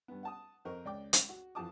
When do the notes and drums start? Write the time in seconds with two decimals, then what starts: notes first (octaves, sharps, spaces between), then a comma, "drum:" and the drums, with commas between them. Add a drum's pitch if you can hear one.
0.08 G2 B3
0.23 F#5 A5 D#6
0.65 F2 C4 A#4 D#5 C#6
0.85 C#2 D5 G5 D6
1.13 drum: hi-hat
1.29 F#4
1.55 F2 E3 F4 A5 D6 D#6